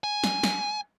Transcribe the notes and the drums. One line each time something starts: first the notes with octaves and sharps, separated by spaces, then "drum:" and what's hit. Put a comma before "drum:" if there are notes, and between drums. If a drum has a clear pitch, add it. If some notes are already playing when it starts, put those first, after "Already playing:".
G#5
drum: snare
drum: snare